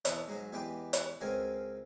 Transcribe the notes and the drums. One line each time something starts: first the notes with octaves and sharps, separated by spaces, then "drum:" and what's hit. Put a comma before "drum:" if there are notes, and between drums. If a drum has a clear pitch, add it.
E2 A4 D#5 E5, drum: hi-hat
G#2 F#3 G#3 F#4
E2 G#3 B3 G4 B4 G5
drum: hi-hat
C#2 C#3 C4 F#4 A#4 G#5